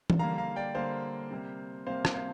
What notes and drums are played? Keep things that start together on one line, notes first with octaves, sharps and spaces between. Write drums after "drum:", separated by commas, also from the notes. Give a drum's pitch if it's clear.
drum: tom E3
D3 G3 A#3 F5 A#5
F5 A#5
D5 G5
D3 G3 A#3 C5 F5
C3 G3 A#3
C3 G3 A#3 C5 F5
drum: rim click
C5 F5